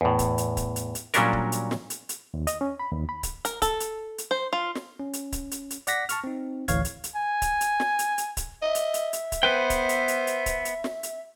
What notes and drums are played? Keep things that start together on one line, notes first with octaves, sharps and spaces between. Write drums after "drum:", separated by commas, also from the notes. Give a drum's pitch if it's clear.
E2 A2
drum: kick C#1, hi-hat
drum: hi-hat
drum: kick C#1, hi-hat
drum: hi-hat
drum: hi-hat
A#2 F#3 G3 C#4 D4 A#4, drum: hi-hat
drum: kick C#1
drum: hi-hat
drum: snare
drum: hi-hat
drum: hi-hat
D#2
D#5, drum: hi-hat
C#4
B5
D#2
B5
drum: kick C#1, hi-hat
A#4, drum: hi-hat
A4, drum: kick C#1, hi-hat
drum: hi-hat
drum: hi-hat
C5
F4
drum: snare
C#4
drum: hi-hat
drum: kick C#1, hi-hat
drum: hi-hat
drum: hi-hat
D5 F#5 A#6 B6, drum: hi-hat
A5 C#6 F6, drum: hi-hat
C4 D#4
A1 D2 E3 C#5 F5 G#6, drum: kick C#1, hi-hat
drum: hi-hat
drum: hi-hat
G#5
drum: kick C#1, hi-hat
drum: hi-hat
drum: snare
drum: hi-hat
drum: hi-hat
drum: kick C#1, hi-hat
D#5 E5
drum: hi-hat
drum: hi-hat
drum: hi-hat
drum: kick C#1, hi-hat
B3 B4 C5 G5
drum: kick C#1, hi-hat
drum: hi-hat
drum: hi-hat
drum: hi-hat
drum: kick C#1, hi-hat
drum: hi-hat
drum: snare
drum: hi-hat